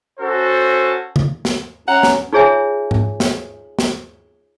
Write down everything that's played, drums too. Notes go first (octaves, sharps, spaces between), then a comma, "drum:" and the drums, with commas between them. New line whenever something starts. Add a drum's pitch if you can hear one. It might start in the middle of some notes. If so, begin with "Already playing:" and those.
C#4 F#4 A4 C5
drum: tom C#3
drum: snare
C#4 F#5 A#5
drum: snare
D#4 F4 G#4 C#5 E5 G#5
drum: tom G#2
drum: snare
drum: snare